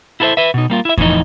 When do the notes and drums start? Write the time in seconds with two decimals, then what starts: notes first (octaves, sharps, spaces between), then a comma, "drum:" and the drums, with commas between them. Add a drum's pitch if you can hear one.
0.20 E4 F4 A4 A#4 C5 E5
0.37 B4 E5
0.54 B2 D#4
0.70 G3 A#3 F4
0.85 E4 E5
0.98 A2 E3 F3 D#4 D#5, drum: kick E2